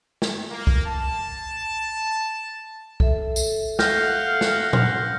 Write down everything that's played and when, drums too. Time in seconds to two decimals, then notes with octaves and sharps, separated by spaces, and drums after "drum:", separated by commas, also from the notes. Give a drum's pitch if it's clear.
0.22 drum: snare
0.51 A#3
0.67 drum: kick
0.86 A5
3.00 A4 E5, drum: kick
3.36 drum: tambourine
3.79 F5 F#5 F6 G6 A#6, drum: snare
4.41 drum: snare
4.73 drum: tom A#2